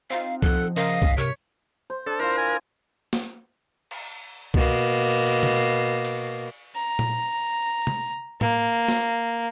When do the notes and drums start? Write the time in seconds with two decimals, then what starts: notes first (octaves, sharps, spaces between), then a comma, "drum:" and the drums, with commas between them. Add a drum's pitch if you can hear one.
0.10 C4 D#4 F4 F5
0.42 F3 A4 F#5, drum: kick C2
0.76 C#3 A#4 C5 D#5 F5, drum: open hi-hat
1.02 A1 G2 B6, drum: kick C2
1.18 C3 A#4 C#5
1.90 C5
2.07 D4 A4
2.20 E4 F4 A#4 C5
2.38 G#5
3.13 drum: snare
3.91 drum: cymbal
4.54 B2 A#3, drum: kick C2
5.26 drum: cymbal
5.43 drum: tom
6.05 drum: cymbal
6.76 A#5
6.99 drum: tom A#2
7.87 drum: tom
8.41 A#3, drum: tom A2
8.88 drum: snare